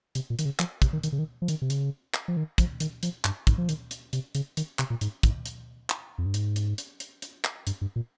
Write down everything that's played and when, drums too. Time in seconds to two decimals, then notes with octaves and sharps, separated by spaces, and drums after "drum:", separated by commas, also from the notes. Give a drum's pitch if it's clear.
0.15 C3, drum: hi-hat
0.30 A#2
0.39 D#3, drum: hi-hat
0.45 C#3
0.59 F3, drum: clap
0.82 C3, drum: kick, hi-hat
0.93 D#3
1.03 D#3, drum: hi-hat
1.12 C#3
1.19 D#3
1.42 F3
1.48 D#3, drum: hi-hat
1.62 C3
1.70 C#3, drum: hi-hat
2.14 drum: clap
2.28 F3
2.37 D#3
2.58 F3, drum: kick, hi-hat
2.80 D#3, drum: hi-hat
3.03 F3, drum: hi-hat
3.25 G2, drum: clap
3.47 G#2, drum: kick, hi-hat
3.58 F3
3.69 D#3, drum: hi-hat
3.91 drum: hi-hat
4.13 C3, drum: hi-hat
4.35 C#3, drum: hi-hat
4.57 D#3, drum: hi-hat
4.79 C3, drum: clap
4.90 A#2
5.01 G#2, drum: hi-hat
5.23 G#2, drum: kick, hi-hat
5.46 drum: hi-hat
5.90 drum: clap
6.18 F2
6.26 G2
6.34 G#2, drum: hi-hat
6.56 drum: hi-hat
6.78 drum: hi-hat
7.00 drum: hi-hat
7.22 drum: hi-hat
7.44 drum: clap
7.67 G2, drum: hi-hat
7.81 G2
7.96 A#2